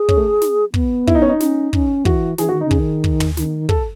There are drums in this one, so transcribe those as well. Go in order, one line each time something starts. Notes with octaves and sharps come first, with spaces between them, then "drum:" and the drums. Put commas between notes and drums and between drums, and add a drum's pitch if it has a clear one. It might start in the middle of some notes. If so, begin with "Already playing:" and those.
Already playing: G#4
C#4, drum: kick
A3
drum: snare
B3, drum: kick
E4, drum: kick
D#4
C#4
D#4
C#4, drum: snare
C#4, drum: kick
E3 F#4, drum: kick
E3 G#4, drum: snare
F#4
D#3
D#4
C#3
G#4, drum: kick
D#3
drum: kick
drum: tom
D#3, drum: snare
A4, drum: kick